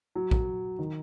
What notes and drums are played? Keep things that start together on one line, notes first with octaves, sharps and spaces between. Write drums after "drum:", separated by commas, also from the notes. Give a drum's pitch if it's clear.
F#3
drum: kick A#1
D#3